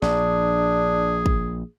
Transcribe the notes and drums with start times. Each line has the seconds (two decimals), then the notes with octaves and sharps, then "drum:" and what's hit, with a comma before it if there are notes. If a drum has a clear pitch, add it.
0.02 A#1 D4 G#4, drum: snare
1.26 drum: kick